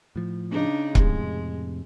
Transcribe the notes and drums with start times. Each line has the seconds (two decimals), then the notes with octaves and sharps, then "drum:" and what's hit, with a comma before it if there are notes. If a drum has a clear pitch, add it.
0.16 A2 F3
0.51 C#3 D4 D#4
0.95 F2 A2 C3 G#3, drum: kick C#1